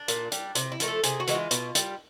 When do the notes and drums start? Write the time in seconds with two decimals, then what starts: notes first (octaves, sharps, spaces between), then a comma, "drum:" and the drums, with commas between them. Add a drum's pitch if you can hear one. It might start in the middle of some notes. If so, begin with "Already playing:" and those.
Already playing: D4
0.08 A#2, drum: hi-hat
0.32 G3, drum: hi-hat
0.55 C3, drum: hi-hat
0.72 E4
0.80 F3 A3 A#4, drum: hi-hat
0.88 A4
1.03 C3 G#4, drum: hi-hat
1.20 F#4
1.27 E3 G#3, drum: hi-hat
1.35 F4
1.51 B2, drum: hi-hat
1.75 G3, drum: hi-hat